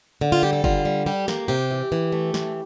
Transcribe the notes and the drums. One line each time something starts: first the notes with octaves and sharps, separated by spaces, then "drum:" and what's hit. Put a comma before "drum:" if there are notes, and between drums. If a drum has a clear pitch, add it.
D3
F4
G3 G4
A4
D3 F4, drum: kick F#1
G3
G3 G4
A#3, drum: snare
C3 G4
E3
E3
A3
E3, drum: snare